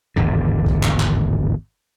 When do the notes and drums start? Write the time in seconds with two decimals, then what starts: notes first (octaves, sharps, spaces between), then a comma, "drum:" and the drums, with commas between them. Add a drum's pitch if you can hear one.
0.16 D1 G#1 E2 D3
0.66 drum: kick C2
0.83 drum: clap
1.00 drum: clap